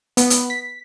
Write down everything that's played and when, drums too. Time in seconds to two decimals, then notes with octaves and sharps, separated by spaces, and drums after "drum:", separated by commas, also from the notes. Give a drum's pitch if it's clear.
0.17 B3, drum: hi-hat
0.30 drum: hi-hat
0.50 B6